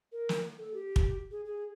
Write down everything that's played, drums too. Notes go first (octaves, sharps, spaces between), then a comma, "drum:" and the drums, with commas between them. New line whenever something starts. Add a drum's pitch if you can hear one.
A#4
drum: snare
A4
G4
drum: kick
G#4
G#4